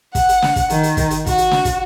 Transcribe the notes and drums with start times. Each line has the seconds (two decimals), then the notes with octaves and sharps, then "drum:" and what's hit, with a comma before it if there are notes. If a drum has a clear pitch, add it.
0.15 F#5, drum: kick, hi-hat
0.29 drum: hi-hat
0.42 drum: snare
0.56 drum: kick, hi-hat
0.70 D#3, drum: hi-hat
0.83 drum: hi-hat
0.97 drum: kick, hi-hat
1.10 drum: hi-hat
1.26 F#4, drum: kick, hi-hat
1.38 drum: hi-hat
1.51 drum: snare
1.65 drum: kick, hi-hat